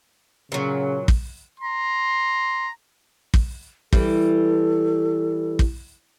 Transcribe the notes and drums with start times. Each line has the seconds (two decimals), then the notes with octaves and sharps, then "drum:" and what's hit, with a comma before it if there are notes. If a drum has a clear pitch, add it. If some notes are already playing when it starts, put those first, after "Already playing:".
0.52 A#2 C#3 F#3
1.08 drum: kick
1.60 A#5 C6
3.34 drum: kick
3.93 E3 G3 A4, drum: kick
5.59 drum: kick